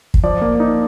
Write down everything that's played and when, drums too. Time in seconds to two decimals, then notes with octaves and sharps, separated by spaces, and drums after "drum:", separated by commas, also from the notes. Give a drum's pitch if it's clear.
0.14 drum: kick
0.23 F3 D5
0.42 A#3
0.60 D#4